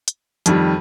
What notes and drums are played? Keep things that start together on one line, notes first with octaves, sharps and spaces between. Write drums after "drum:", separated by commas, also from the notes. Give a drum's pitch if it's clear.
drum: hi-hat
F2 D#3 G3, drum: hi-hat